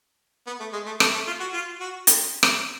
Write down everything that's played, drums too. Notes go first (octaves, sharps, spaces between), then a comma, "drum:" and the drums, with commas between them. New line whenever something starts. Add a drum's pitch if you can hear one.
B3
A3
G#3
A3
A3, drum: rim click
A3
F4
F#4
F4
F#4
drum: hi-hat
drum: rim click